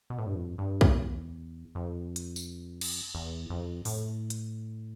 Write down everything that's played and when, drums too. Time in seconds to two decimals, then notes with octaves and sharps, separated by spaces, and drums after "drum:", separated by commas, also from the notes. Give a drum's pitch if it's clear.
0.10 B2
0.18 A2
0.26 G2
0.35 F2
0.58 G2
0.81 E2, drum: kick
1.75 F2
2.16 drum: hi-hat
2.36 drum: tambourine
2.81 drum: cymbal
3.15 E2
3.50 F2
3.85 A2, drum: open hi-hat
4.30 drum: hi-hat